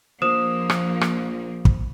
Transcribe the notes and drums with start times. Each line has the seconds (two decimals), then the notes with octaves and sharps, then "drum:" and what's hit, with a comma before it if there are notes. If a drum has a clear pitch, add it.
0.22 A#1 F3 A#3 C5 D#6 E7
0.70 drum: rim click
1.01 drum: rim click
1.65 drum: kick